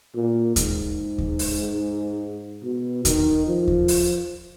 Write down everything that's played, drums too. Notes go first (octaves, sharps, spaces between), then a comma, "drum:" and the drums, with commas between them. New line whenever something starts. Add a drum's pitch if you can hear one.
A#2
G#2, drum: kick D#2, hi-hat
drum: kick D#2
drum: open hi-hat
B2
D#3, drum: kick D#2, hi-hat
F3
drum: kick D#2
drum: open hi-hat